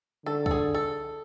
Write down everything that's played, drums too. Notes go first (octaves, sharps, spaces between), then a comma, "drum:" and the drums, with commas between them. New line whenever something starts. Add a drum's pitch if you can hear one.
D3 A4
A4, drum: kick C2
G#4
A4